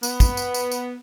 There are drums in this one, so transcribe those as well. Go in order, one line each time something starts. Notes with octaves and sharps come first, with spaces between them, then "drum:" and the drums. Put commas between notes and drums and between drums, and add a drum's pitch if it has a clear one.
B3, drum: tambourine
drum: kick, tambourine
drum: tambourine
drum: tambourine
drum: tambourine